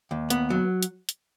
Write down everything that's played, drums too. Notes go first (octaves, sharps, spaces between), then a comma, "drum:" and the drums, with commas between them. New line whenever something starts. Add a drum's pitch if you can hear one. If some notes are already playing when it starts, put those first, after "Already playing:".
D#2
B3, drum: hi-hat
F#3
drum: hi-hat
drum: hi-hat